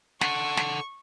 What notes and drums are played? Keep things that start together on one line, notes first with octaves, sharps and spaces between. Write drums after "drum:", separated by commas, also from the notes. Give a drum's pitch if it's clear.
A4 F#5 C#6, drum: snare
drum: snare